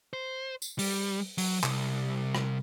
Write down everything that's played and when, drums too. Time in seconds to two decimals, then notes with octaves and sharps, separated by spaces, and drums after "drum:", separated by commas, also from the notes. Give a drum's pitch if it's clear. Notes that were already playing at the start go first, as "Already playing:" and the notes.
0.13 C5
0.62 drum: tambourine
0.79 G3, drum: open hi-hat
1.38 F#3, drum: open hi-hat
1.64 C2, drum: clap
2.35 drum: rim click